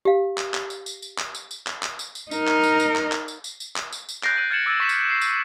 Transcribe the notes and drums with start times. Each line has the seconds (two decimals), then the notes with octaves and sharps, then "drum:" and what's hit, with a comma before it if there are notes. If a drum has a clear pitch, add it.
0.05 G4 F5
0.38 drum: clap
0.54 drum: clap
0.70 drum: tambourine
0.86 drum: tambourine
1.02 drum: tambourine
1.18 drum: clap
1.35 drum: tambourine
1.51 drum: tambourine
1.67 drum: clap
1.83 drum: clap
1.99 drum: tambourine
2.15 drum: tambourine
2.31 D#4 A#4, drum: tambourine
2.47 drum: clap
2.64 drum: tambourine
2.80 drum: tambourine
2.96 drum: clap
3.12 drum: clap
3.28 drum: tambourine
3.44 drum: tambourine
3.60 drum: tambourine
3.76 drum: clap
3.92 drum: tambourine
4.09 drum: tambourine
4.23 F#6 G6 A6 A#6 C7 D7, drum: clap
4.37 F#6 A#6 D7 D#7 F#7
4.51 F6 G#6 A6 C#7 E7 F#7
4.66 D6 E6 G#6 A6 D#7
4.80 C#6 B6 E7
4.89 drum: tambourine
5.10 C7
5.21 drum: tambourine